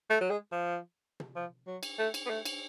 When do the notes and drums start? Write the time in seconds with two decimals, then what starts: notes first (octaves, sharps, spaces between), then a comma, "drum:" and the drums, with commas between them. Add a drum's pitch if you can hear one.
0.10 A3
0.21 F#3
0.31 G#3
0.52 F3
1.20 drum: tom
1.36 F3
1.67 F#3
1.83 drum: cymbal
1.99 A3
2.14 drum: cymbal
2.26 B3
2.30 A3
2.45 drum: cymbal